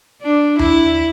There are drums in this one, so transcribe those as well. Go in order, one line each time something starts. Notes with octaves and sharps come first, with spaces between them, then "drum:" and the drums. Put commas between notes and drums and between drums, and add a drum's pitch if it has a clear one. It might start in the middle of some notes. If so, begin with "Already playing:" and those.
D4
E4, drum: tom D#2